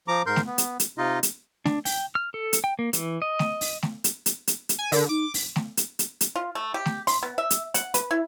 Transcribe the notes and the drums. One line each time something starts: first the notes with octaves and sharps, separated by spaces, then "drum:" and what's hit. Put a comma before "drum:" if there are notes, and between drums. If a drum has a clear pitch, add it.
F3 A#5 D6
G#2 A#4 C6 G6
drum: snare A3
B3
drum: hi-hat
drum: hi-hat
C3 D#4 F4 D#5
drum: hi-hat
D4, drum: snare A3
G5, drum: open hi-hat
F6
A4
drum: hi-hat
G5
A#3
E3, drum: hi-hat
D#5
drum: snare A3
drum: open hi-hat
drum: snare A3
drum: hi-hat
drum: hi-hat
drum: hi-hat
drum: hi-hat
G#5
D3 A#4, drum: open hi-hat
D#4 D6
drum: open hi-hat
drum: snare A3
drum: hi-hat
drum: hi-hat
drum: hi-hat
F4
A3
G4
drum: snare A3
C6, drum: open hi-hat
B3
E5
drum: hi-hat
F#5, drum: hi-hat
B4, drum: hi-hat
E4